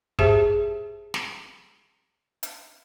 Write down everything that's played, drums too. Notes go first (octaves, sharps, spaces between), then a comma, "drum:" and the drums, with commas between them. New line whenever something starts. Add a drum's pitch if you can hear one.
G4 G#4 C5 E5 A5, drum: kick
drum: snare
drum: hi-hat